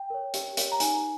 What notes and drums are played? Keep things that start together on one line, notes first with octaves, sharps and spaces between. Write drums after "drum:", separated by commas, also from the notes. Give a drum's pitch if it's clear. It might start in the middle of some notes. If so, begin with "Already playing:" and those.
Already playing: G5
A#4 C#5
G4, drum: hi-hat
A#4 C#5, drum: hi-hat
A#5
D#4 G#5, drum: hi-hat